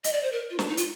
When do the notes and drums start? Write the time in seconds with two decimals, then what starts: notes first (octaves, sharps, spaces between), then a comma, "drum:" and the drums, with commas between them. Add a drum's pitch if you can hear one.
0.04 D#5, drum: hi-hat
0.13 D5
0.23 C5
0.32 A#4
0.50 F4
0.59 D4, drum: snare
0.69 D#4
0.77 F4, drum: hi-hat